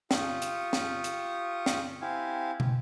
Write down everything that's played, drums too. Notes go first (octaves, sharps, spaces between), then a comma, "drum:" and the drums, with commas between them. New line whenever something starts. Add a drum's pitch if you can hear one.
F4 G4 C#6 D#6, drum: snare
drum: hi-hat
drum: snare
drum: hi-hat
drum: snare
C4 E4 G4 F5 G#5
drum: tom